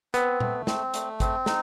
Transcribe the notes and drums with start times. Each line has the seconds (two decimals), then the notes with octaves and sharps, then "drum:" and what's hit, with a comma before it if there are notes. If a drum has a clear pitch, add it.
0.14 B3 C4, drum: hi-hat
0.40 A3, drum: tom A#2
0.67 C4, drum: snare
0.94 A3, drum: hi-hat
1.20 C4, drum: kick, hi-hat
1.46 D#4, drum: snare